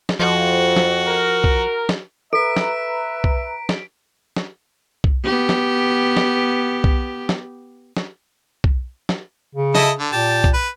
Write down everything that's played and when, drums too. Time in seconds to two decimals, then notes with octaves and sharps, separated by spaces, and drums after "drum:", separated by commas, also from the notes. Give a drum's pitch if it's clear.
0.09 drum: snare
0.20 F2 F3 F#4
0.76 drum: snare
1.07 A#4
1.44 drum: kick
1.89 drum: snare
2.33 A4 B4 E5 A#5 B6 D7
2.57 drum: snare
3.24 drum: kick
3.69 drum: snare
4.37 drum: snare
5.04 drum: kick
5.24 B3 G4
5.49 drum: snare
6.17 drum: snare
6.84 drum: kick
7.29 drum: snare
7.97 drum: snare
8.64 drum: kick
9.09 drum: snare
9.55 C#3
9.75 E4 A4 D#5, drum: snare
9.99 D3
10.12 A#2 G4 A5
10.44 drum: kick
10.54 B4